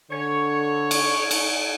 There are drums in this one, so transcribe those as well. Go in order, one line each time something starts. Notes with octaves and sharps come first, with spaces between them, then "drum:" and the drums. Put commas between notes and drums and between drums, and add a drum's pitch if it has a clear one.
D3 C#5
drum: cymbal
drum: cymbal